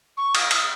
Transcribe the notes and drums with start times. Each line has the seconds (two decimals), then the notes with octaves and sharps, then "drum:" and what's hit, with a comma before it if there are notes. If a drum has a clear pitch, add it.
0.17 C#6
0.35 D#6, drum: cymbal
0.51 drum: cymbal